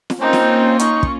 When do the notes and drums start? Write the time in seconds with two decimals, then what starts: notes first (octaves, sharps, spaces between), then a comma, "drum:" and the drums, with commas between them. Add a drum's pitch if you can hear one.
0.10 drum: snare
0.21 A#3 C4 C#4 D#4 F4
0.33 drum: snare
0.79 D#4 C#6, drum: hi-hat
1.03 drum: kick